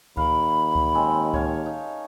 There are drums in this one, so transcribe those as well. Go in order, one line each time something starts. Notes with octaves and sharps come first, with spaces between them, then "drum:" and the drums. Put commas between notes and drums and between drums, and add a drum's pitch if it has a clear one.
D#2 A#4 F5 B5, drum: kick C#2
drum: kick C#2
G#3 C4 C#4
C#5 F5 A5, drum: kick C#2
D#4